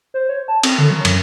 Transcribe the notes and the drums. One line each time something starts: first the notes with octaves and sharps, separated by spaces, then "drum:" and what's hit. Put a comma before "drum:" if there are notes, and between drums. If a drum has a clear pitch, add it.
C5
C#5
A5
C4, drum: cymbal
D3
F#3
F#2, drum: cymbal